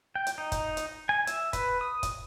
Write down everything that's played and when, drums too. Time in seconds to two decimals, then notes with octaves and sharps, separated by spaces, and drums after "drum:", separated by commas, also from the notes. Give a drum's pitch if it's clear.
0.15 G5
0.27 drum: hi-hat
0.38 D#4
0.52 drum: kick, hi-hat
0.77 drum: hi-hat
1.09 G#5
1.27 E5, drum: hi-hat
1.53 B4, drum: kick, hi-hat
1.81 D#6
2.03 drum: kick, hi-hat